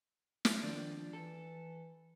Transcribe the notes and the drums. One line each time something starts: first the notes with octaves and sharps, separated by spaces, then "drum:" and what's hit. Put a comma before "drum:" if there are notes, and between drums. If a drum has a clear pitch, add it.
drum: snare
D#3 F3 D4
E3 A4